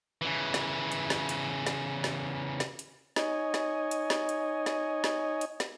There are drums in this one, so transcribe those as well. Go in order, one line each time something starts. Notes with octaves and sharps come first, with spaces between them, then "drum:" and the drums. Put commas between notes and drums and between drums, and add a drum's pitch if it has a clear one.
C#3 E3
drum: snare
drum: hi-hat
drum: snare
drum: hi-hat
drum: snare
drum: snare
drum: snare
drum: hi-hat
D#4 C#5 D#5 G#5, drum: snare
drum: snare
drum: hi-hat
drum: snare
drum: hi-hat
drum: snare
drum: snare
drum: hi-hat
drum: snare